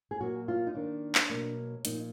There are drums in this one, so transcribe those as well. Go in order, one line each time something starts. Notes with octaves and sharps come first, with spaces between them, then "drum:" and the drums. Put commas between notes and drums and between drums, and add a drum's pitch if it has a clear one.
G#4
A#2 F#3 A#3 F#4
F4
D#4
D#3 A#3 D4
drum: clap
B2 F#3 A#3
A#2 F3 A#3 D#4, drum: hi-hat